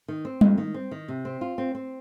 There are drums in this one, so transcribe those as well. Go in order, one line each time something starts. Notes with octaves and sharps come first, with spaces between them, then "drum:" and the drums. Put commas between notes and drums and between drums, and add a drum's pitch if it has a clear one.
D#3
C4
F2, drum: tom G3
D#3
C4
D#3
C3
C4
F4
C4
C4